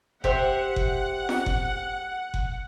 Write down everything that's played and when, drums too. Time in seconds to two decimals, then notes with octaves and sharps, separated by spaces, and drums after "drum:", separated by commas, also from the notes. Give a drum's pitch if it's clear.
0.24 G4 C5 E5 F#5, drum: kick F#1
0.76 drum: kick F#1
1.29 drum: snare
1.46 drum: kick F#1
2.34 drum: kick F#1